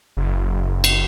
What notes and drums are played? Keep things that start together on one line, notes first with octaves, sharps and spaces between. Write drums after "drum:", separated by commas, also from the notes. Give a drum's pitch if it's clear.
F#1
drum: cymbal